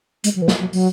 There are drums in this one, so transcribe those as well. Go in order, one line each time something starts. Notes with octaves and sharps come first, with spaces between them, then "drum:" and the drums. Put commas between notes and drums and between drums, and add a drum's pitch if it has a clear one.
G#3, drum: hi-hat
F#3
E3
F#3, drum: snare
F#3
F#3, drum: open hi-hat